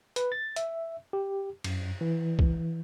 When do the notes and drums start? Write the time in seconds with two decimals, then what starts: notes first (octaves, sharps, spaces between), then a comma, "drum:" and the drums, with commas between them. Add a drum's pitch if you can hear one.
0.16 B4, drum: hi-hat
0.32 A6
0.56 E5, drum: hi-hat
1.13 G4
1.64 F#2, drum: cymbal
2.01 E3
2.39 drum: kick